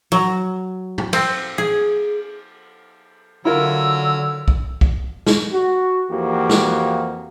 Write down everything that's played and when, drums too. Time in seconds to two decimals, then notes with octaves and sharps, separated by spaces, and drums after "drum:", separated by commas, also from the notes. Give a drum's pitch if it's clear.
0.12 F#3
0.98 drum: tom
1.13 C4, drum: cymbal
1.58 G#4
3.45 D3 F#3 E4 F4 A#4 E6
4.48 drum: kick
4.81 drum: kick
5.27 drum: snare
5.52 F#4
6.10 F2 E3 A#3 F#4 G4
6.49 drum: snare